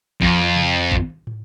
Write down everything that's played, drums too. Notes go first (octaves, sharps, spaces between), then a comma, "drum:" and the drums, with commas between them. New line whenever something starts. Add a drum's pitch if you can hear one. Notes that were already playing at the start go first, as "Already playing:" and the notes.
F2, drum: kick
drum: tom C3
drum: kick
drum: tom